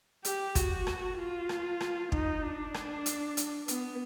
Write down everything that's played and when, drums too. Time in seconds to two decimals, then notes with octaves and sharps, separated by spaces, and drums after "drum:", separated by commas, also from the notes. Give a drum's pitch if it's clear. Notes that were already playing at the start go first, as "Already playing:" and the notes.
0.25 G4, drum: hi-hat
0.55 F#4, drum: kick, hi-hat
0.87 drum: rim click
1.17 F4
1.49 drum: rim click
1.81 drum: rim click
2.12 D#4, drum: kick
2.43 D4
2.74 drum: rim click
3.06 drum: hi-hat
3.37 drum: hi-hat
3.68 B3, drum: hi-hat